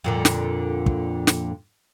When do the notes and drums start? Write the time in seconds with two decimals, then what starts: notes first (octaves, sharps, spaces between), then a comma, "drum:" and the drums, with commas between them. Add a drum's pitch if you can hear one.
0.04 F2 A#2 D3
0.25 drum: snare
0.86 drum: kick
1.27 drum: snare